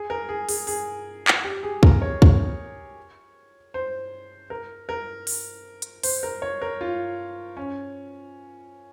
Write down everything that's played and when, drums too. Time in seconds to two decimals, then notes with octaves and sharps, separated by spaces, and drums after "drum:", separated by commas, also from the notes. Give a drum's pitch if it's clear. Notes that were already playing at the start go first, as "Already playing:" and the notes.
Already playing: G#4
0.10 A#4
0.29 G#4
0.49 G#4, drum: open hi-hat
0.67 G#4, drum: open hi-hat
1.28 drum: clap
1.44 G4
1.63 G#4
1.83 A#4, drum: kick
2.02 C#5
2.22 drum: kick
3.74 C5
4.50 A#4
4.89 A#4
5.27 drum: open hi-hat
5.82 drum: hi-hat
6.03 C5, drum: open hi-hat
6.23 A#4
6.42 C#5
6.62 A#4
6.81 F4
7.57 C#4